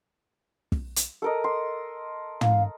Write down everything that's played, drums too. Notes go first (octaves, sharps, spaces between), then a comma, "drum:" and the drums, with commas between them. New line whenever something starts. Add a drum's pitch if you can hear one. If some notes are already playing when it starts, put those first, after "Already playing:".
drum: kick
drum: hi-hat
A4 A#4 D#5
C6
F5, drum: tom